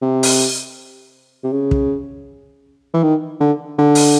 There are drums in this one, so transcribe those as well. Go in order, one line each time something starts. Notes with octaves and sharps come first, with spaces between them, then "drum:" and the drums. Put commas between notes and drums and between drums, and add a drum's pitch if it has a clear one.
C3
drum: open hi-hat
C3
C#3
drum: kick
E3
D#3
D3
D3
drum: open hi-hat